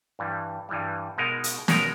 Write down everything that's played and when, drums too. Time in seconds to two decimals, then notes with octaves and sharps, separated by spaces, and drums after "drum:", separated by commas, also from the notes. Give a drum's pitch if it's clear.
0.19 G2 E3 G3
0.69 G2 E3 G3
1.18 B2 G#3 D#4 A#4
1.44 drum: hi-hat
1.68 B2 G#3 D#4 A#4, drum: snare